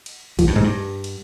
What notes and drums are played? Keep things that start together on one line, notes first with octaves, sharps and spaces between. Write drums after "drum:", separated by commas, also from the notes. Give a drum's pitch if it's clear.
drum: cymbal
F3, drum: kick, cymbal
G2
G#2
G2
drum: cymbal